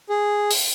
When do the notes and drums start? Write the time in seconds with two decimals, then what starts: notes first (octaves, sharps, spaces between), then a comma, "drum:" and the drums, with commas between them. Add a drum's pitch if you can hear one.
0.09 G#4
0.50 drum: open hi-hat